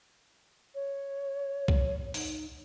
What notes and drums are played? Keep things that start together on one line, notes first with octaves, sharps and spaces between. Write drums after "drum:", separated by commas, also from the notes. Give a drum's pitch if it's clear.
C#5
drum: kick
D#4, drum: open hi-hat